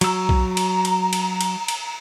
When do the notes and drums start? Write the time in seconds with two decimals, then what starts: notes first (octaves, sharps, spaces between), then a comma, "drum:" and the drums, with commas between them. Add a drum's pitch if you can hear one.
0.01 F#3 A#5 E6, drum: cymbal
0.29 drum: kick B1
0.57 drum: cymbal
0.85 drum: cymbal
1.13 drum: cymbal
1.41 drum: cymbal
1.68 drum: cymbal